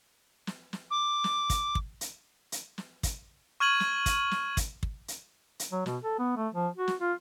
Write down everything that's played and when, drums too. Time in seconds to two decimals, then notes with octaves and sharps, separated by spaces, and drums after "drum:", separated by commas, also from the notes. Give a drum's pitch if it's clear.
0.47 drum: snare
0.73 drum: snare
0.91 D6
1.24 drum: snare
1.50 drum: kick, hi-hat
1.75 drum: kick
2.01 drum: hi-hat
2.52 drum: hi-hat
2.78 drum: snare
3.03 drum: kick, hi-hat
3.60 C#6 F6 G#6 D#7 F#7
3.80 drum: snare
4.06 drum: kick, hi-hat
4.31 drum: snare
4.57 drum: kick, hi-hat
4.83 drum: kick
5.08 drum: hi-hat
5.59 drum: hi-hat
5.72 F#3
5.86 B2, drum: snare
6.03 A4
6.19 B3
6.36 A3
6.54 F3
6.77 F#4
6.88 drum: snare
7.00 F4